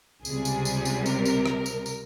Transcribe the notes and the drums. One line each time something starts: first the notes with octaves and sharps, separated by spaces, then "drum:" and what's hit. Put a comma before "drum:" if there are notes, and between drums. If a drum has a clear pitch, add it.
C#2 C3 G3 G#4, drum: tambourine
drum: tambourine
drum: tambourine
drum: tambourine
A#4, drum: tambourine
drum: tambourine
drum: rim click
drum: tambourine
drum: tambourine